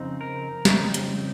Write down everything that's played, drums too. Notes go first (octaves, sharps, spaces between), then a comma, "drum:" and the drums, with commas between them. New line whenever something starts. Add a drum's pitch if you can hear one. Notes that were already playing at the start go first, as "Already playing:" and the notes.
Already playing: F2 C#3 C4 D#4
A#4
F2 C#3 G3 C4 D#4, drum: snare
drum: hi-hat